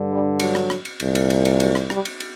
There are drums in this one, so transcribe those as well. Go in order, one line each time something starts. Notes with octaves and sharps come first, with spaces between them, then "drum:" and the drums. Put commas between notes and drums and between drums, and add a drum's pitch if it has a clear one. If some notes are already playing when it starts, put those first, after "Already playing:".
Already playing: G2 D3
G3
F#3, drum: cymbal
drum: rim click
drum: rim click
drum: cymbal
C2 A#2, drum: cymbal
drum: cymbal
drum: cymbal
drum: cymbal
F#3, drum: cymbal
drum: rim click
G3, drum: rim click
drum: cymbal
drum: cymbal